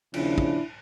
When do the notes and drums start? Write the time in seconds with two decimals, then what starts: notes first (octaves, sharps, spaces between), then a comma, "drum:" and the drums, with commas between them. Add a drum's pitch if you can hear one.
0.14 D#2 C#3 F3 D4 E4, drum: cymbal
0.38 drum: kick